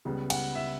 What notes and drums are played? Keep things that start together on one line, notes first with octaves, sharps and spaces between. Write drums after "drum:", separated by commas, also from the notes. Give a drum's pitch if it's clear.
C#2 C#3 G3 B3
F#5, drum: cymbal
E5